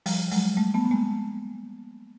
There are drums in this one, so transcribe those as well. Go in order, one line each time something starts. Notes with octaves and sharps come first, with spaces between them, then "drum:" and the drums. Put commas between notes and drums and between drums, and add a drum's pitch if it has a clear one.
F3 G3, drum: open hi-hat
F#3 G#3, drum: open hi-hat
G3 A3
A3 B3
B3
G#3 A#3